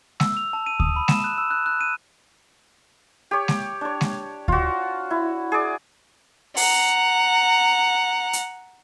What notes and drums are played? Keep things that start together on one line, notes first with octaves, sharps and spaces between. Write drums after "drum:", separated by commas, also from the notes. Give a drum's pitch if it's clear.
E6, drum: snare G#3
F7
A5
D#7
D#6, drum: kick D2
B5
E7, drum: snare G#3
F#6
E6
F#6
F#6
D#7
G4 C#5
drum: snare G#3
D4 C#5
drum: snare G#3
F4 F#4, drum: kick D2
E4
G#4 D5
F#5 A#5, drum: open hi-hat
drum: hi-hat